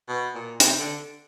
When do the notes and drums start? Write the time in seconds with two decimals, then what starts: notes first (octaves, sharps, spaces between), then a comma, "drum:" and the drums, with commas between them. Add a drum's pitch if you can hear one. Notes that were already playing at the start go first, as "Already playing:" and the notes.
0.08 B2
0.35 A#2
0.60 C3, drum: hi-hat
0.79 D3